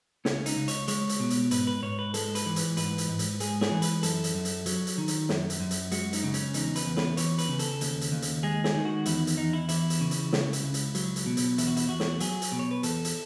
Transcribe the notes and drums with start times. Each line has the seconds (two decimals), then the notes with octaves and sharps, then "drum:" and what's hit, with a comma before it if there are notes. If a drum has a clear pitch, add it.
0.25 C#2 C#4, drum: snare
0.46 D#4, drum: hi-hat
0.56 C#2
0.68 C#5, drum: hi-hat
0.88 G#3 C#5, drum: hi-hat
1.09 drum: hi-hat
1.20 B2
1.30 drum: hi-hat
1.51 G#2 B4, drum: hi-hat
1.67 B4
1.82 G#2 C#5
1.99 B4
2.14 G#3 A4, drum: hi-hat
2.35 B4, drum: hi-hat
2.46 E3
2.56 drum: hi-hat
2.77 G#2 B4, drum: hi-hat
2.98 drum: hi-hat
3.09 G#2
3.19 drum: hi-hat
3.40 G#3 G#4, drum: hi-hat
3.61 G#4, drum: snare
3.71 E3
3.82 B4, drum: hi-hat
4.03 F#2 A4, drum: hi-hat
4.24 drum: hi-hat
4.34 F#2
4.45 drum: hi-hat
4.66 F#3, drum: hi-hat
4.87 drum: hi-hat
4.98 D#3
5.08 drum: hi-hat
5.29 F#2, drum: snare
5.50 drum: hi-hat
5.60 F#2
5.71 drum: hi-hat
5.91 G#3 F#4, drum: hi-hat
6.13 D#4, drum: hi-hat
6.24 C#3
6.34 C#4, drum: hi-hat
6.54 E2 D#4, drum: hi-hat
6.76 B4, drum: hi-hat
6.86 E2
6.97 B4, drum: snare
7.17 E3 C#5, drum: hi-hat
7.39 B4, drum: hi-hat
7.48 C#3
7.59 A4, drum: hi-hat
7.81 D#2, drum: hi-hat
8.01 drum: hi-hat
8.12 D#2
8.22 drum: hi-hat
8.43 G#3 G#4
8.64 G#4, drum: snare
8.75 D#3
8.85 F#4
9.06 E2 E4, drum: hi-hat
9.27 drum: hi-hat
9.37 E2 D#4
9.53 E4
9.69 E3 E4, drum: hi-hat
9.90 drum: hi-hat
10.01 C#3
10.11 drum: hi-hat
10.33 C#2, drum: snare
10.53 drum: hi-hat
10.63 C#2
10.74 drum: hi-hat
10.95 F#3, drum: hi-hat
11.16 drum: hi-hat
11.26 B2
11.37 drum: hi-hat
11.58 E2 E4, drum: hi-hat
11.67 F#4
11.77 E4, drum: hi-hat
11.89 E2 F#4
12.00 drum: snare
12.20 F#3 G#4, drum: hi-hat
12.42 drum: hi-hat
12.52 B2
12.59 C#5
12.71 B4
12.83 E2 A4, drum: hi-hat
13.05 drum: hi-hat